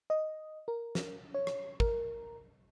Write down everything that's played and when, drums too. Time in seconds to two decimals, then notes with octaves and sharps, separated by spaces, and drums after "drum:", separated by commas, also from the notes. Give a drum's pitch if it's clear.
0.10 D#5
0.68 A#4
0.95 drum: snare
1.34 C#5
1.47 drum: rim click
1.80 A#4, drum: kick